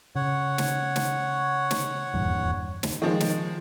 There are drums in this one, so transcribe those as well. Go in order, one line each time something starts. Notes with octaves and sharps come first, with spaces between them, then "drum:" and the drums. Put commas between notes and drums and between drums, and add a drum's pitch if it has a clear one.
C#3 C#5 F#5
drum: snare
drum: snare
drum: snare
D#1 E2 G2
drum: snare
D#3 F3 G#3
drum: snare